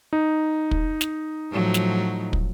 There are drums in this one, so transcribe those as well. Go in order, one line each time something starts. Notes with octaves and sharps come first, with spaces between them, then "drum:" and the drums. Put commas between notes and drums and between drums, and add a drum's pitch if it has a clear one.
D#4
drum: kick
drum: snare
A2 F3 F#3
drum: snare
drum: kick